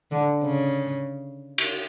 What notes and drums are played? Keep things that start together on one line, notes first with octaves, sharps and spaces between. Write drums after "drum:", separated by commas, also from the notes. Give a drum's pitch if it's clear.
D3
C#3
drum: cymbal